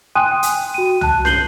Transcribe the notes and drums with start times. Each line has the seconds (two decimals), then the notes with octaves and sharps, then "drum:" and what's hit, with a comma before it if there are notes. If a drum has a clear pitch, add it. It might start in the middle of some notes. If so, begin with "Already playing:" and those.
0.15 G5 G#5 C6 D#6 F#6 D#7
0.31 G5
0.43 drum: hi-hat
0.74 F#4 D#7
1.01 A5 F#6, drum: tom
1.25 G6 C7 F#7 G7, drum: snare